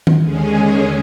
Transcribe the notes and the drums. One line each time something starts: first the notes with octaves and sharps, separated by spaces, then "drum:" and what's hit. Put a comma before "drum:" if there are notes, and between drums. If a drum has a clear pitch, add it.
drum: tom
D#2 D3 G#3 C#4 G#4 G#5